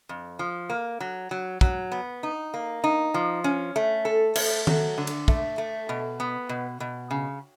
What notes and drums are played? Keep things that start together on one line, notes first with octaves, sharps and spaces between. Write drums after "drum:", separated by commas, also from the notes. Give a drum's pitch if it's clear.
F2
F3
A#3
F#3
F#3
F#3, drum: kick
B3
D#4
A#3
D#4
F3
C#4
A3
A4
A3, drum: cymbal
F#3, drum: tom D#3
D3
drum: cymbal
A3, drum: kick
A3
B2
B3
B2
B2
C#3